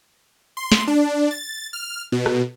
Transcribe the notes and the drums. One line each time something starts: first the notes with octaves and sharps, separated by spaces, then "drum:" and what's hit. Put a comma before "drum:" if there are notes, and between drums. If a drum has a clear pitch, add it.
C6
drum: snare
D4
A6
F6
B2
drum: rim click